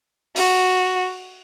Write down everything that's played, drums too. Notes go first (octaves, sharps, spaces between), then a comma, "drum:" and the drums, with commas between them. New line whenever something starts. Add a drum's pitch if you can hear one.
F#4, drum: open hi-hat